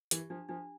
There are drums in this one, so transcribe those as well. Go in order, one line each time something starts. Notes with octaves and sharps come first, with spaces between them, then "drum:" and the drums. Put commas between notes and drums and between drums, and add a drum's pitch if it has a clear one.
E3 G4, drum: hi-hat
F3 D4
F3 D4